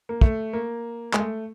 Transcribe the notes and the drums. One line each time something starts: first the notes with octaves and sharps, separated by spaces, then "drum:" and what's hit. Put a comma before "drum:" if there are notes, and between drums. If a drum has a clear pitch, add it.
A#3
A3, drum: kick
A#3
G#3, drum: clap
A3